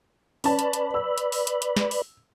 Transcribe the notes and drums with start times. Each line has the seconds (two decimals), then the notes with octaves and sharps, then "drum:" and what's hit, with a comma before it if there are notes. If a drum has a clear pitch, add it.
0.44 C#4 B4 D5 A5 B5, drum: open hi-hat
0.59 drum: hi-hat
0.73 drum: hi-hat
0.94 E6
1.18 drum: hi-hat
1.32 drum: open hi-hat
1.47 drum: hi-hat
1.62 drum: hi-hat
1.76 drum: snare
1.91 drum: open hi-hat